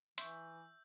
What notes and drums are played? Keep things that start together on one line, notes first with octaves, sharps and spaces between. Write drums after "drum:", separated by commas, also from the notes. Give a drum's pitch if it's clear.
E3 E5 C6 C#6 E6 G6, drum: hi-hat